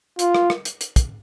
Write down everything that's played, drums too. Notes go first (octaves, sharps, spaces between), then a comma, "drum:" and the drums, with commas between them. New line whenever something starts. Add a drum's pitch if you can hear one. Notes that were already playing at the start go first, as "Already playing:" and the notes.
F4, drum: hi-hat
drum: rim click
drum: rim click
drum: hi-hat
drum: hi-hat
drum: kick, hi-hat